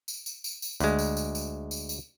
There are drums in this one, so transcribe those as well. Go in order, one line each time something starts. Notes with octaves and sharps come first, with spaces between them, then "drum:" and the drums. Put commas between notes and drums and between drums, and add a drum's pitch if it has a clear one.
drum: tambourine
drum: tambourine
drum: tambourine
drum: tambourine
D2 G#3, drum: tambourine
drum: tambourine
drum: tambourine
drum: tambourine
drum: tambourine
drum: tambourine